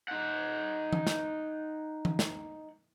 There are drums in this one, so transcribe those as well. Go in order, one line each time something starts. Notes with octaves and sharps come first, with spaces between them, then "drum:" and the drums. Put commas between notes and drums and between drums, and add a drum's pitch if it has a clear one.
D#4 F#5
drum: tom E3
drum: snare
drum: tom E3
drum: snare